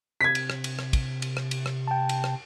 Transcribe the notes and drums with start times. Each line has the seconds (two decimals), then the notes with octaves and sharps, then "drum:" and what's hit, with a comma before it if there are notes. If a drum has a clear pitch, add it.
0.21 C3 G#6 B6
0.35 drum: cymbal
0.50 drum: rim click
0.64 drum: cymbal
0.79 drum: rim click
0.93 drum: kick, cymbal
1.22 drum: cymbal
1.37 drum: rim click
1.51 drum: cymbal
1.66 drum: rim click
1.88 G5 A5
2.09 drum: cymbal
2.24 drum: rim click